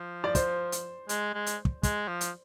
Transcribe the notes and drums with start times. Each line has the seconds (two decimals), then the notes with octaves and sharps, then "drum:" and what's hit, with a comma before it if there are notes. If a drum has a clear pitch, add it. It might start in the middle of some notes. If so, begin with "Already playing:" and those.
Already playing: F3
0.24 D5
0.35 C5, drum: kick, hi-hat
0.72 drum: hi-hat
1.09 G#3, drum: hi-hat
1.34 G#3
1.46 drum: hi-hat
1.65 drum: kick
1.83 G#3, drum: kick, hi-hat
2.08 F3
2.21 drum: hi-hat